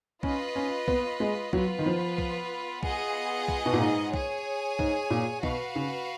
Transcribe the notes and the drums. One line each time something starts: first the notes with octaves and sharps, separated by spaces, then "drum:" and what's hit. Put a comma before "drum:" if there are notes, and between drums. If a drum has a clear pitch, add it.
C#4 F4 B4 D#5, drum: kick B1
C#4
B3, drum: kick B1
G#3
F#3 B3 F4 B4, drum: kick B1
D#3
F3
drum: kick B1
B3 F4 G#4 D#5 F#5, drum: kick B1
drum: kick B1
B2
A#2
G#2
G#4 C#5 G#5, drum: kick B1
G#2, drum: kick B1
A#2
B2 F#4 B4 F5, drum: kick B1
C#3